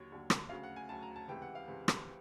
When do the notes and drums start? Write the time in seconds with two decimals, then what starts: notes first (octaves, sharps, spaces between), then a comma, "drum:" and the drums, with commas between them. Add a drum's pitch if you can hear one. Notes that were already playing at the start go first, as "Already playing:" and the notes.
Already playing: D#2 D3 F#3 C#5
0.10 D#2 D3 F#3
0.30 drum: rim click
0.49 D2 C#3 F#3 F5
0.63 F#5
0.76 G#5
0.89 D2 C#3 F#3 A5
1.02 A#5
1.16 A5
1.28 C#2 C3 E3 G5
1.42 F#5
1.55 F5
1.68 C#2 C3 E3
1.88 drum: rim click